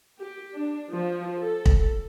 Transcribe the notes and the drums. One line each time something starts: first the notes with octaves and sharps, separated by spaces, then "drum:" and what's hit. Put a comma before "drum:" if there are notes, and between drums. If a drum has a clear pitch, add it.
G4
D4
F3
A4
drum: kick